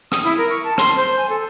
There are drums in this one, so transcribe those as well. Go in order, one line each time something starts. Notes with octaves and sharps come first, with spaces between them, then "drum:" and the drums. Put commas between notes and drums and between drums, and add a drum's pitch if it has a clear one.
D#6, drum: rim click
E4
A#4
C#6
A5
C6, drum: rim click
C5
G#5
A4